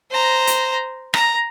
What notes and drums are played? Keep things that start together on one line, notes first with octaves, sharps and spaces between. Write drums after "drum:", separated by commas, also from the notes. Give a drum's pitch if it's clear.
C5 A#5
drum: hi-hat
A#5, drum: rim click